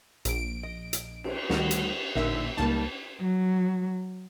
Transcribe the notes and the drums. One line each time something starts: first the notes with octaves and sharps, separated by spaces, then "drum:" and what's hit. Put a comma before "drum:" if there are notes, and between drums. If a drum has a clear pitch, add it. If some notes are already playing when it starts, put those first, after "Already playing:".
A#1 D7, drum: hi-hat
D#5
drum: hi-hat
drum: cymbal
D2 D#3 G3 A3 F#4, drum: snare
drum: hi-hat
A1 A#2 D3 D#4 A#4 E5
C#2 G3 A#3 D#4 A5
F#3